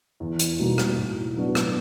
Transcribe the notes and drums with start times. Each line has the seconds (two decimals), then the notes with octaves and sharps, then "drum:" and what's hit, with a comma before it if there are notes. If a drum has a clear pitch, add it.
0.20 E2
0.39 drum: hi-hat
0.59 B2 G3 A#3 D#4
0.78 drum: rim click
0.97 A2
1.36 F#3 B3 D4 F#4
1.55 drum: rim click